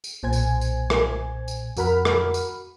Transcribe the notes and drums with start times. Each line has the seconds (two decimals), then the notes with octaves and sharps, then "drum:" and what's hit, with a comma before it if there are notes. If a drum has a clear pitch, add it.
0.04 drum: tambourine
0.23 B1 A#2 C5 G#5 G#6
0.33 drum: tambourine
0.61 drum: tambourine
0.90 drum: rim click
1.48 drum: tambourine
1.77 F2 F#4 A#4 F#5 B5 F6, drum: tambourine
2.05 drum: rim click
2.34 drum: tambourine